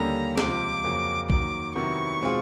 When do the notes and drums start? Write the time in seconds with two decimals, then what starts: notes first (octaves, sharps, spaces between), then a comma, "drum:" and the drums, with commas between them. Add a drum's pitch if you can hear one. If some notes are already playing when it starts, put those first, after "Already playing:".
Already playing: D#2 D3 G3 A#3 C#4 A#5
0.38 C#2 C3 F3 D6, drum: snare
0.84 F2 C#3 F#3 A#3
1.30 D#2 D#3 F#3 D6, drum: kick B1
1.75 C3 D#3 F#3 B3 E4 C#6
2.21 B2 G#3 C4 F4 G#4